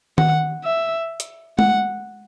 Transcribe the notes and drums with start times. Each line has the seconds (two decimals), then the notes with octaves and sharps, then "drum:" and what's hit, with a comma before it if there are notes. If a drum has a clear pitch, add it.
0.18 F#5, drum: tom D#3
0.64 E5
1.20 drum: hi-hat
1.59 F#5, drum: tom G#3